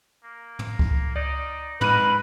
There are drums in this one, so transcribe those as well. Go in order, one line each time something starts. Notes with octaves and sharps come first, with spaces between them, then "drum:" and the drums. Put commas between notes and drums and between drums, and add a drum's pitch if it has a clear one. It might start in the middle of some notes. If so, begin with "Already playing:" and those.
A#3
drum: tom
drum: kick C#2
D#4 D5
G#2 A#4 B4 B5 D#7, drum: tom